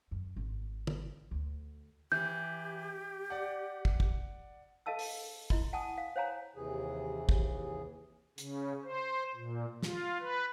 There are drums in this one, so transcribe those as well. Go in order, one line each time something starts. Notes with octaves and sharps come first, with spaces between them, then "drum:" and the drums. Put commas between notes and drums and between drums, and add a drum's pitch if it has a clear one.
F#2
G#1
drum: tom
D2
E3 G4 G6
D5 F#5
drum: kick
drum: kick
A4 D#5 F5 A5 E6
drum: open hi-hat
E4 D#5 C6, drum: kick
F#5 G#5 A5 D#6
F5
C5 C#5 F5 G#5 A#5
D#2 C3 E3 G#4
drum: kick
C#3, drum: hi-hat
C5
A#2
F4, drum: snare
B4